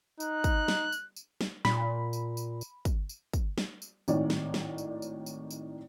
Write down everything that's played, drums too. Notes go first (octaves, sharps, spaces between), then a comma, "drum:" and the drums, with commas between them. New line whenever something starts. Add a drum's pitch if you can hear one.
D#4 F#6, drum: tambourine
drum: kick, tambourine
drum: snare
drum: tambourine
drum: tambourine
drum: snare
A#2 B5, drum: snare
drum: tambourine
drum: tambourine
drum: tambourine
drum: kick, tambourine
drum: tambourine
drum: kick, tambourine
drum: snare
drum: tambourine
G#1 A2 D#3 C#5 D5, drum: tambourine
drum: snare
drum: snare
drum: tambourine
drum: tambourine
drum: tambourine
drum: tambourine